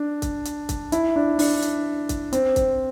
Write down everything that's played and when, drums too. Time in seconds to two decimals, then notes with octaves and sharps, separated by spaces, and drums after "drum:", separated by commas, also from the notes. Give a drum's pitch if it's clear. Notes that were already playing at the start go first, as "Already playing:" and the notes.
Already playing: D4
0.22 drum: kick C2, hi-hat
0.45 drum: hi-hat
0.69 drum: kick C2, hi-hat
0.92 E4, drum: hi-hat
1.16 D4
1.39 D4, drum: open hi-hat
1.62 drum: hi-hat
2.09 drum: kick C2, hi-hat
2.33 C4, drum: hi-hat
2.56 drum: kick C2, hi-hat